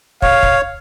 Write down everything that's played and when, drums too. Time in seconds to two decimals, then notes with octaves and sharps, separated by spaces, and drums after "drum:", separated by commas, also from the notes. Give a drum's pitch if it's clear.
0.22 C#5 F5, drum: kick
0.43 drum: kick